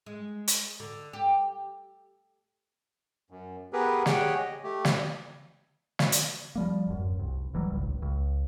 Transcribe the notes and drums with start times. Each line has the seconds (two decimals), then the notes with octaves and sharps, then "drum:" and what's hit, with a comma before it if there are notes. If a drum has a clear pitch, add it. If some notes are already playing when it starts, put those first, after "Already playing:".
0.06 G#3
0.48 drum: hi-hat
0.80 D3
1.13 G4
3.31 F#2
3.73 B3 G4 G#4 A#4 B4
4.06 G4 G#4 C#5 F#5 G5, drum: snare
4.38 D#5
4.63 A3 G4
4.85 drum: snare
5.99 drum: snare
6.12 drum: hi-hat
6.55 F3 G3 A#3
6.87 D1 F#2
7.17 F1 C2
7.54 D1 E3 F#3 G3
7.72 D#1 G#1 C#2
8.02 C#2